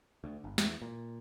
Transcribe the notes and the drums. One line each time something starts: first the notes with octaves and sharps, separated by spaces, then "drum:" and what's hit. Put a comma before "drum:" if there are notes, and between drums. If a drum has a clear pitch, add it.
D2
G1
E2, drum: snare
A#2